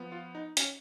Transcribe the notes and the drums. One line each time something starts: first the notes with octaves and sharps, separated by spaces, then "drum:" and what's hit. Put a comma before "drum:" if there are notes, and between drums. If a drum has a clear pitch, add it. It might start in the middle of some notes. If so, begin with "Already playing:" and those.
Already playing: F3 B3
F4
D#4
C#4, drum: hi-hat